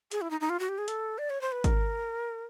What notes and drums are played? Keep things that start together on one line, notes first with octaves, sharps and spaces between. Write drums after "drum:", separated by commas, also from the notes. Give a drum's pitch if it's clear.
G#4, drum: hi-hat
E4
D#4
D#4
F4
F#4
G4
G#4
A4, drum: hi-hat
D5
C#5
C5
B4
A#4, drum: kick G#1, hi-hat